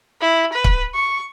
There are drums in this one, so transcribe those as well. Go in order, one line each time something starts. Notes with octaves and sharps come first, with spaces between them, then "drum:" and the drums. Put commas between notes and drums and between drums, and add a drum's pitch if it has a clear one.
E4
B4
drum: kick
C#6